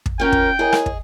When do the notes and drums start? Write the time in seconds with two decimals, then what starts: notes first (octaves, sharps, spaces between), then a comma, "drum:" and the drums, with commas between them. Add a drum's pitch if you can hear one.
0.06 drum: kick
0.20 C#4 F4 A#4 G5
0.32 drum: kick
0.59 E4 G#4 A#4 C#5 D#5 G#5
0.73 drum: rim click
0.86 drum: kick